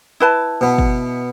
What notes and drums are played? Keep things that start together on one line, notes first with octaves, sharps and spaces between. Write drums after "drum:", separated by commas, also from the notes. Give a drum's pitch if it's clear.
E4 B4 A5
B2 B3
drum: kick